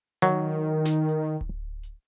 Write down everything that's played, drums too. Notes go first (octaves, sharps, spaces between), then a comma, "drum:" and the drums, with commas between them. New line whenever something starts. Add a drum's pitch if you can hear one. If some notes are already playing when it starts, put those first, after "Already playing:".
D#3 F#3
drum: snare
drum: hi-hat
drum: kick D1
drum: hi-hat